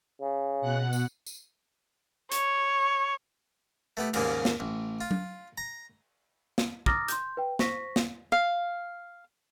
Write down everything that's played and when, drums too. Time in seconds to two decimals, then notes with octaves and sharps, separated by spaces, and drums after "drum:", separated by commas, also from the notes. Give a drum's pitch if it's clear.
0.21 C#3
0.61 B2 F#5 F#6
0.93 drum: tambourine
1.26 drum: tambourine
2.32 C#5, drum: hi-hat
3.97 A3 B3 G4
4.14 D#2 G#2 C#3 G3 G#3 A#3, drum: cymbal
4.45 drum: snare
4.60 A1
5.01 F4
5.11 drum: tom F#3
5.58 A#5
6.58 drum: snare
6.86 A#5 D6 D#6 F6 A6 A#6, drum: kick
7.08 C6 G6, drum: hi-hat
7.37 B4 G5
7.59 C5 C#6 A#6 B6, drum: snare
7.96 drum: snare
8.32 F5